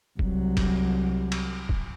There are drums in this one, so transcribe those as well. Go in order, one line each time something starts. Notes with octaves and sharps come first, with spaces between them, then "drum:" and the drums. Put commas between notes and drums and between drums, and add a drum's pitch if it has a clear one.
C2 F#3, drum: kick
drum: kick, cymbal
drum: cymbal
drum: kick